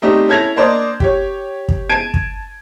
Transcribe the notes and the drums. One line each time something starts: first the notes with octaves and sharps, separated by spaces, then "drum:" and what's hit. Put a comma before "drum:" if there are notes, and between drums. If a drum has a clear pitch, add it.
G3 A3 C4 D4 D#4 G4
C#4 E4 A4 G#6 A#6 F7
A#3 D4 C5 D5 D#5
G4 C#5, drum: kick
drum: kick
A5 G#6 D7 D#7
drum: kick